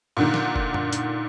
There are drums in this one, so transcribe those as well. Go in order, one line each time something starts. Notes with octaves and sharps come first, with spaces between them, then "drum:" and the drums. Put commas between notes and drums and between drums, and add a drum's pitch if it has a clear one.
A#2 D3 D#3
drum: snare
drum: kick
drum: tom F#2
drum: hi-hat